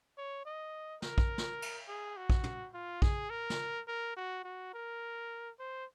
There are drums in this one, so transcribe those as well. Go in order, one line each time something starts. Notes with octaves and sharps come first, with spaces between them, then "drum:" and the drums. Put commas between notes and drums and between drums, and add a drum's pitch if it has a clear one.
C#5
D#5
A#4, drum: snare
drum: kick A#1
drum: snare
drum: cymbal
G#4
F#4
drum: kick A#1
drum: tom
F4
G#4, drum: kick A#1
A#4
drum: snare
A#4
F#4
F#4
A#4
C5